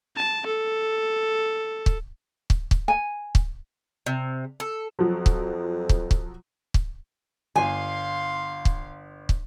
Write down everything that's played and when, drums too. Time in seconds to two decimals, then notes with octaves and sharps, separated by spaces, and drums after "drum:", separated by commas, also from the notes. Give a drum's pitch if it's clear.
0.16 A5
0.46 A4
1.86 drum: kick
2.50 drum: kick
2.71 drum: kick
2.88 G#5
3.35 drum: kick
4.06 C3
4.60 A4
4.99 F2 F3 F#3
5.26 drum: kick
5.89 drum: kick
6.11 drum: kick
6.74 drum: kick
7.56 G1 F5 G#5 C6
8.65 drum: kick
9.29 drum: kick